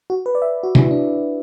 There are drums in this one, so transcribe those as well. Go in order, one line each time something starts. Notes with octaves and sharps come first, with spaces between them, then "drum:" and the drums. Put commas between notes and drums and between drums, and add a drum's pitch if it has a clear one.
F#4
B4
D5
E5
F#4
E4, drum: tom
D4